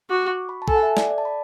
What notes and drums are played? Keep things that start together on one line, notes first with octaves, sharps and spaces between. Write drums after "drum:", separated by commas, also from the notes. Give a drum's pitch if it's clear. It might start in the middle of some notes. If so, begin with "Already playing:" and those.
F#4 D6
C#6
B5
A5
A4 G#5, drum: kick
F#5
E5
D5, drum: snare
D5
A5
B5